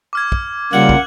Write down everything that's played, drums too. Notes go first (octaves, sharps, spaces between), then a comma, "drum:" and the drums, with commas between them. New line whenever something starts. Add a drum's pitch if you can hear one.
D6 F6 G#6
drum: kick
C#3 G3 A#3 F4 F#5 F#6 G#6 F#7
drum: kick